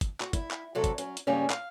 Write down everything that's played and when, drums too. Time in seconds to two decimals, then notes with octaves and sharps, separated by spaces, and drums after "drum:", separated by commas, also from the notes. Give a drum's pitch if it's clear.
0.01 drum: kick, hi-hat
0.20 F#4, drum: clap
0.33 E4, drum: kick, hi-hat
0.51 drum: clap
0.75 C3 F#3 A4
0.84 drum: kick, hi-hat
0.98 F#3 C#4, drum: hi-hat
1.17 drum: hi-hat
1.27 G2 C#3 F#3 G3 A#3 C#4
1.50 F5, drum: clap